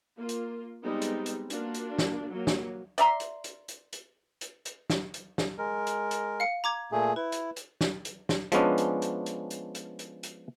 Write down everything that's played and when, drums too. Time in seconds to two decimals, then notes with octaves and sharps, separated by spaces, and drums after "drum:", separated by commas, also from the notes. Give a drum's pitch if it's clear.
0.17 A#3 F4
0.29 drum: hi-hat
0.82 G3 G#3 B3 C4 D#4
1.02 drum: hi-hat
1.26 drum: hi-hat
1.50 A#3 D4 F4 F#4, drum: hi-hat
1.74 drum: hi-hat
1.99 drum: snare
2.30 F#3 A#3
2.47 drum: snare
2.98 D5 E5 A#5 C6, drum: hi-hat
3.20 drum: hi-hat
3.44 drum: hi-hat
3.68 drum: hi-hat
3.93 drum: hi-hat
4.41 drum: hi-hat
4.65 drum: hi-hat
4.90 drum: snare
5.14 drum: hi-hat
5.38 drum: snare
5.58 G#3 A#4
5.87 drum: hi-hat
6.11 drum: hi-hat
6.40 F5 C#7
6.64 A#5 D6 G#6
6.92 A#2 A3 G#4
7.16 E4 B4
7.32 drum: hi-hat
7.56 drum: hi-hat
7.81 drum: snare
8.05 drum: hi-hat
8.29 drum: snare
8.52 F3 G#3 B3 C#4 D4, drum: hi-hat
8.78 drum: hi-hat
9.02 drum: hi-hat
9.26 drum: hi-hat
9.50 drum: hi-hat
9.75 drum: hi-hat
9.99 drum: hi-hat
10.23 drum: hi-hat